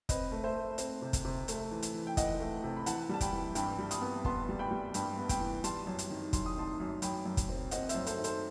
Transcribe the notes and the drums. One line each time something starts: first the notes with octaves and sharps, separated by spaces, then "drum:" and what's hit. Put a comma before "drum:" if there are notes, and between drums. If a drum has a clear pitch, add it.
C4 B4 D#5, drum: kick, hi-hat
A3
C5 E5
A3
C4, drum: hi-hat
C3
drum: kick, hi-hat
C3
A3, drum: hi-hat
E3
drum: hi-hat
E3
G5
E3 D#5 F#5, drum: kick, hi-hat
A3
C3
B5
E3 F#5 A5, drum: hi-hat
G3 A5
G5 B5, drum: kick, hi-hat
E3
G2 G5 B5, drum: hi-hat
G3
B5 D#6, drum: hi-hat
B3
B3 A5 C6, drum: kick
G3
G5 B5
G3
G2 G5 B5, drum: hi-hat
B3
G5 B5, drum: kick, hi-hat
E3
G3 A5 C6, drum: hi-hat
F#2
drum: hi-hat
D#3
F#2 C6, drum: kick, hi-hat
D#6
D#3 A5 C6
F#2
F#2 G5 B5, drum: hi-hat
F#2
drum: kick, hi-hat
C4
C4 D#5 F#5, drum: hi-hat
C5 E5, drum: hi-hat
F#2
A4 C5, drum: hi-hat
D#3
A4 C5, drum: hi-hat